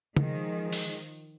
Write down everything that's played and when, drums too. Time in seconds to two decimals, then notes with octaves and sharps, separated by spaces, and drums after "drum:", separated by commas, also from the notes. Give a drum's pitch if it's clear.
0.17 D#3 F3 G#3, drum: tom
0.72 drum: open hi-hat